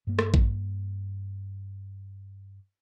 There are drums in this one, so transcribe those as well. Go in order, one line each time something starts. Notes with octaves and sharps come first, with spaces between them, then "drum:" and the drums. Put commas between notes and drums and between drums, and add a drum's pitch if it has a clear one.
G2 A#3
drum: rim click
drum: kick A1